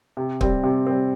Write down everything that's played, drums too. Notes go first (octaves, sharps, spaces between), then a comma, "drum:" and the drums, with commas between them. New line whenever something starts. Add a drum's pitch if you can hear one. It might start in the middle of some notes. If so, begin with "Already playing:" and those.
C3
G3 C4, drum: kick
C3
G3 C4